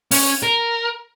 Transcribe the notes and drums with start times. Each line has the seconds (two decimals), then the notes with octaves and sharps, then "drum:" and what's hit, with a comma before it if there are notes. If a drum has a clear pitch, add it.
0.11 C#4, drum: open hi-hat
0.43 A#4